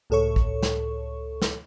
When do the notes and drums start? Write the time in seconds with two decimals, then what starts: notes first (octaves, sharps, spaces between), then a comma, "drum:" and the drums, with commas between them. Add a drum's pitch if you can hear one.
0.10 C#2 A2 A4 C#5 C#6
0.36 drum: kick
0.63 drum: snare
1.42 drum: snare